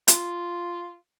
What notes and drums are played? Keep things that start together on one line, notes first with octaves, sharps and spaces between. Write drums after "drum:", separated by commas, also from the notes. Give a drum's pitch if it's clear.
F4, drum: hi-hat